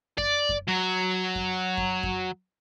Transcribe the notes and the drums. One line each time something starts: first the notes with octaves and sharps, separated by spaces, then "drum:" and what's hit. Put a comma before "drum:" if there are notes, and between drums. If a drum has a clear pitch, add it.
D5, drum: kick F#2
drum: kick F#2
F#3
drum: kick F#2
drum: kick F#2
drum: kick F#2